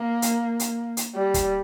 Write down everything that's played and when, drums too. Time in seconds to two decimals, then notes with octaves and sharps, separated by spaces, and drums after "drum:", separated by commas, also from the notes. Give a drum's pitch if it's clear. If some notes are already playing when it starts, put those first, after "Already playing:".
Already playing: A#3
0.22 drum: hi-hat
0.60 drum: hi-hat
0.97 drum: hi-hat
1.16 G3
1.34 drum: kick, hi-hat